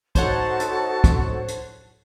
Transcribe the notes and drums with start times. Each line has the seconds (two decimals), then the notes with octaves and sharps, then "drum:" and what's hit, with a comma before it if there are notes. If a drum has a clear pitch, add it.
0.15 D#4 F#4 A4 C5 C#5 F#5 A5, drum: kick, hi-hat
0.60 drum: hi-hat
1.04 drum: kick, hi-hat
1.48 drum: hi-hat